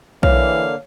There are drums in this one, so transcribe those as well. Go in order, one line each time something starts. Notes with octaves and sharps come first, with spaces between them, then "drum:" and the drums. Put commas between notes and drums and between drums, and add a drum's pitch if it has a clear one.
D3 E3 A#3 C#5 F5, drum: kick B1